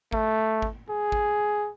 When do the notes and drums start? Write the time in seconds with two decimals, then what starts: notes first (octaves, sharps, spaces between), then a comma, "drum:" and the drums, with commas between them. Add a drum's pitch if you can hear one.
0.12 A3, drum: kick G#1
0.62 drum: kick G#1
0.90 G#4
1.12 drum: kick G#1